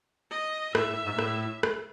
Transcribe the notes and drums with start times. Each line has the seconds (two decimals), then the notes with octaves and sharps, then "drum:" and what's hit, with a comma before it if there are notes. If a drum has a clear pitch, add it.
0.31 D#5
0.75 A2 E5, drum: rim click
0.89 A2
1.05 G#2
1.15 A#2
1.19 A2, drum: rim click
1.63 drum: rim click